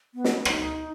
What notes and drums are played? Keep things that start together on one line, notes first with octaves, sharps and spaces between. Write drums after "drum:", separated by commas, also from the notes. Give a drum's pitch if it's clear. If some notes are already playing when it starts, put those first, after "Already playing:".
B3
drum: snare
D#4, drum: rim click